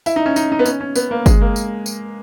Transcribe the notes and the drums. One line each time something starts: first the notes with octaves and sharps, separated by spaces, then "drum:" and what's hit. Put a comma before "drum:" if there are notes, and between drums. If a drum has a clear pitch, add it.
E4, drum: tambourine
D#4
C#4
D#4, drum: tambourine
D#4
B3
C#4, drum: tambourine
C#4
B3, drum: tambourine
A#3
G#3, drum: kick G1, tambourine
A#3
drum: tambourine
drum: tambourine